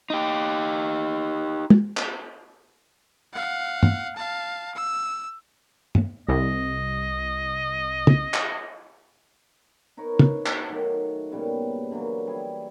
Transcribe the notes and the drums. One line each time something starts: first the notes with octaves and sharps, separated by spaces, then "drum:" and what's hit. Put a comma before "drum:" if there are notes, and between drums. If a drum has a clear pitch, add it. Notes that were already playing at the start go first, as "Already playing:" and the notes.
D#4 G4
drum: tom
drum: clap
F5 F#5
drum: tom
F5 A5
E6
drum: tom
C2 D#5
drum: tom
drum: clap
D#4 A#4 B4 C#5
drum: tom
F#5, drum: clap
D#3 F#3 A3
A#2 C#3 G3 B3
D3 E3 F#3 A#3
G3 E4 G#4